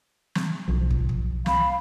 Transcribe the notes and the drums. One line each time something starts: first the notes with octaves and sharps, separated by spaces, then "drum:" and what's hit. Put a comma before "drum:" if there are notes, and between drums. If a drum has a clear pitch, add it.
drum: snare
B1 F3
drum: kick
drum: kick
F5 B5, drum: snare